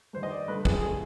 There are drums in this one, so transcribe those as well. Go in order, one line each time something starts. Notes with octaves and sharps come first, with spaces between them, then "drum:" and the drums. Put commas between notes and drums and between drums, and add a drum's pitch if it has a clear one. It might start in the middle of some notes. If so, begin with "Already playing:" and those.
G2 D#3 C5
D#5
D5
G2 D3 B4
G#4, drum: kick
D3 G#4